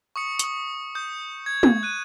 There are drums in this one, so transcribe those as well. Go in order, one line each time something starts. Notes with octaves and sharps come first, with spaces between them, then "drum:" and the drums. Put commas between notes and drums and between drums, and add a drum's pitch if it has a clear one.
C#6 D#6 C#7
C#6 D#6, drum: hi-hat
D#6 G6
G#6
drum: tom
F#6 D#7